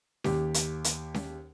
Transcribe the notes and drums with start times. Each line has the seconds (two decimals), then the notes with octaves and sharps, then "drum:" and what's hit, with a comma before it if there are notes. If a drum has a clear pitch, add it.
0.24 D#2 G4, drum: snare C#4
0.54 drum: hi-hat
0.84 drum: hi-hat
1.14 drum: snare C#4